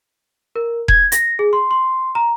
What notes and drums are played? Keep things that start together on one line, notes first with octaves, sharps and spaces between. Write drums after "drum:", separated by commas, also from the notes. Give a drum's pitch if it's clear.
A#4
G#6, drum: kick E1
A#6, drum: hi-hat
G#4
C6
C6
A#5